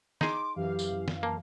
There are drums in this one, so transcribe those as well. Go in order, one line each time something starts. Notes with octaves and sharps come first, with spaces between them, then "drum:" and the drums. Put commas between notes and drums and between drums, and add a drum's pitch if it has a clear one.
D#4 G#4 C6 D6, drum: snare
F#2 E3 G4 F5
drum: tambourine
drum: snare
A#3 A5